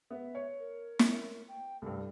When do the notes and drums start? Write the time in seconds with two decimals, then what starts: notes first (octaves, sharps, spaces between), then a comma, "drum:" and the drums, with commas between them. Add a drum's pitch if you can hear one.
0.11 B3 E5
0.35 C#5
0.60 A#4
0.99 drum: snare
1.48 G5
1.82 C2 G2 A4